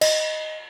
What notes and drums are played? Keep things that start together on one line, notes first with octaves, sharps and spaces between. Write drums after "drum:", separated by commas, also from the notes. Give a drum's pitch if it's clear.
D#5, drum: cymbal